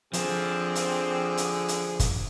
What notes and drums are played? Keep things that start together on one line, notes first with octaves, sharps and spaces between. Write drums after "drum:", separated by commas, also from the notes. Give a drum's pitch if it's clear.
D3 F3 C4 G#4, drum: hi-hat
drum: hi-hat
drum: hi-hat
drum: hi-hat
drum: kick, hi-hat